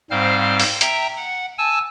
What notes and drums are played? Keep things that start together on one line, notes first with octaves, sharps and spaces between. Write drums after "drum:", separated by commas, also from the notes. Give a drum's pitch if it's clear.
G#2 G3 C4 C5 F5 F6
drum: open hi-hat
E5 G5 A#5, drum: hi-hat
F#5
G#5 A5 E6